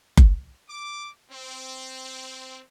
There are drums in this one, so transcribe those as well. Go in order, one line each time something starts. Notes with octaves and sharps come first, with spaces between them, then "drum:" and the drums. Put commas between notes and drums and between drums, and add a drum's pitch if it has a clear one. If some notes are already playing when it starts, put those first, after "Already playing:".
drum: kick F#1
D6
C4